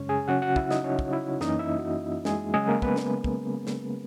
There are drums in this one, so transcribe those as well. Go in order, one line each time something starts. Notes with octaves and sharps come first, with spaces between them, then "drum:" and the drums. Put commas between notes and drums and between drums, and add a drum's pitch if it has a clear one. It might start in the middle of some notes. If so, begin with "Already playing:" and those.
Already playing: F#2 C#3 G#3 C#4 C#5
G#4 G#5
C#3 F#3 C#4 F#4 F#5
F#4 F#5
E4 E5, drum: kick
D#4 D#5, drum: snare
C#4 C#5
drum: kick
E4
F#2 E3 A#3 C#4 D#4 D#5, drum: snare
E4 E5
F#4
G#3 G#4, drum: snare
C#3 F#3 G#3 C#4 G#4
A#3 A#4
B3 B4, drum: kick
drum: snare
drum: kick
drum: snare